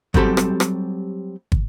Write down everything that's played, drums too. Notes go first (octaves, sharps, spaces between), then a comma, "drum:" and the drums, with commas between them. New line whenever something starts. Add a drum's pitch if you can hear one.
F#3 G3 C4 G4 A4 B5, drum: kick
drum: rim click
drum: rim click
drum: kick